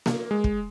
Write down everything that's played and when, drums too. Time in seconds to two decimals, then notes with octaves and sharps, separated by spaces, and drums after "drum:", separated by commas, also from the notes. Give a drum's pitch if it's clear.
0.06 A#3, drum: snare A#3
0.31 G#3
0.44 drum: kick